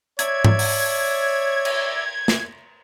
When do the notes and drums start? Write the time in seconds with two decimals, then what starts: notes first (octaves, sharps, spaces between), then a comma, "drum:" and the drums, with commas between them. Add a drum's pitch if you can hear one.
0.19 C#5 D5 E5 G#6, drum: hi-hat
0.44 drum: tom G#2
0.59 drum: open hi-hat
1.65 drum: cymbal
2.28 drum: snare